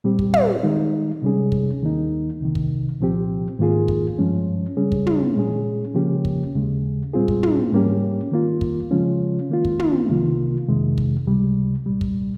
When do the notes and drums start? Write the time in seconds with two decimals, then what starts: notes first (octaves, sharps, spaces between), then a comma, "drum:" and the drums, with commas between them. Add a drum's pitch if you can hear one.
0.04 A#2 G3 C4 G4
0.19 drum: kick
0.34 drum: tom
0.63 D#3 G#3 D#4
1.22 C3 G3 C#4 G#4
1.52 drum: kick
1.81 D#2 D#3 A#3 D#4
2.41 C2 C3 D#3
2.55 drum: kick
3.00 C2 A#2 F3 C4 G4
3.59 G#2 D#3 A#3 F4 G#4
3.88 drum: kick
4.18 G2 F3 G#3 C#4
4.77 C#3 G3 C#4 G#4
4.92 drum: kick
5.07 drum: tom
5.36 A#2 G#3 C#4 G#4
5.95 C#3 F3 A#3 C#4 G4
6.25 drum: kick
6.55 D#2 C#3 G#3
7.13 A#2 G3 C4 F4 G#4
7.28 drum: kick
7.43 drum: tom
7.72 G#2 G3 A#3 C#4 G4
8.31 D#3 A#3 F4
8.61 drum: kick
8.91 C#3 F3 G#3 C#4 F4
9.50 D#3 A#3 F4
9.65 drum: kick
9.79 drum: tom
10.09 C2 C3 D#3 A#3 F4
10.68 F2 C3 D#3 G#3
10.98 drum: kick
11.27 C#2 C3 G3
11.86 C2 A#2 G3
12.01 drum: kick